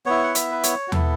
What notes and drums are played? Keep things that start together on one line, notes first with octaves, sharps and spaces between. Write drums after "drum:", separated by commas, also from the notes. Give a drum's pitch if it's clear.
B3 E4 C#5
F#5
E5, drum: hi-hat
B4
C#5, drum: hi-hat
F#4
B3 E4 A4, drum: tom